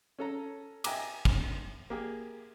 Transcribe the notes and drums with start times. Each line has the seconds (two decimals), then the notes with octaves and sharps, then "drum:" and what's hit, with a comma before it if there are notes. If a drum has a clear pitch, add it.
0.19 C#4 A4 A#5
0.84 D#5 E5 G5 G#5 A#5 D6, drum: cymbal
1.25 drum: kick
1.90 A#3 G4 G#4